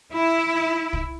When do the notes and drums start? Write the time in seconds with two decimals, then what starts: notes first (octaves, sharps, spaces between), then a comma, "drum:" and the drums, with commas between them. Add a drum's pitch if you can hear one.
0.12 E4
0.93 drum: kick